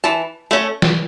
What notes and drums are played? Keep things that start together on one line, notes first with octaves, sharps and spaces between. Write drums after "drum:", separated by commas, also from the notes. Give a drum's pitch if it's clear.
E3 A5
A3 C#4
drum: snare